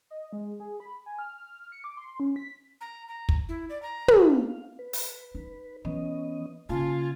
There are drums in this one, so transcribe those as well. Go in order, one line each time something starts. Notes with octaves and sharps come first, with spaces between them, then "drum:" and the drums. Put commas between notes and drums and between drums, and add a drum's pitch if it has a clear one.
D#5
G#3
G#4
B5
G#5
F6
C#7
D6
C6
C#4
B6
A#5
A#5
drum: kick
E4
D5
A#5
drum: tom
F5
B4
drum: open hi-hat
D#4
E3 B3 C#4 D#5
C#3 A#3 F4 F5 G#5 A5